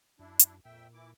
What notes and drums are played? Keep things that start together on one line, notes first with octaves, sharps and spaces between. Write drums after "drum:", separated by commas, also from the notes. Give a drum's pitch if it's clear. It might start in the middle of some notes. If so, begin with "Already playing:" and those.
F#2 D4 E4
drum: hi-hat
F2 A#2 E5 G5
E3 E4 D6